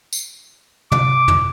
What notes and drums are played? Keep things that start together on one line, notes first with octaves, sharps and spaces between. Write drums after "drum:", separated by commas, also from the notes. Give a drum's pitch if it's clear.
drum: tambourine
D6, drum: tom
drum: tom